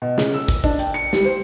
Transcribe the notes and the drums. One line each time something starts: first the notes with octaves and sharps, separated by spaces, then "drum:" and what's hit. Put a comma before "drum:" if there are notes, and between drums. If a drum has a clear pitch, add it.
B2
C#3, drum: snare
E6
drum: kick, hi-hat
D4, drum: kick
G5, drum: hi-hat
C#7
G3, drum: snare
C5